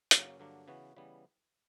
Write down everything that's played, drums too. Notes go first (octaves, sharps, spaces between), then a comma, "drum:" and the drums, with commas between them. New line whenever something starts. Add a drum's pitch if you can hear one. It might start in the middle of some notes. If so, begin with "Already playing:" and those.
F#2 C#3 F#3 A#3 C#4, drum: hi-hat
G2 D3 F#3 A#3 D4
C#3 E3 B3 F#4
C#3 E3 G3 B3